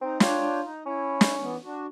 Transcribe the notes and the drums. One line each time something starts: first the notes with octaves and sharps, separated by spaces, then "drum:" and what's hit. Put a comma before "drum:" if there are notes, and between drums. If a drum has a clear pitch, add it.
C4 D#4
D4 F4 C#5 G5, drum: snare
D#4
C#4 E4
drum: snare
E3 B3
D4 F#4